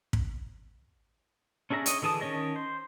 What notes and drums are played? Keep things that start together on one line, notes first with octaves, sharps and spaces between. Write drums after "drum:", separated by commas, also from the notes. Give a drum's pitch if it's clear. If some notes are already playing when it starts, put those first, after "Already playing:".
drum: kick
C#4 D4 G#4 E5 A#5
C#5 D#5, drum: hi-hat
D3 E3 G#4 A5 D#6
D#3 C#4 C#5 D#5 A5
C5